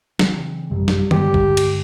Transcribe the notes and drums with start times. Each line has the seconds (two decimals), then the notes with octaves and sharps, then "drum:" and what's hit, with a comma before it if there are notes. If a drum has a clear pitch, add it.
0.19 C#3 E3 C4, drum: snare
0.71 A1 F#2 C3 G3
0.88 drum: snare
1.11 G2 D3 G#3 G4, drum: tom D#3
1.34 drum: kick
1.57 drum: cymbal